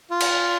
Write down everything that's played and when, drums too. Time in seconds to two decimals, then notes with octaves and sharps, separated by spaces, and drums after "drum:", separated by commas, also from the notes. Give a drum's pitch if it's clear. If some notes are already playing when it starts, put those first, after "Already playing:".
0.11 F4
0.20 drum: cymbal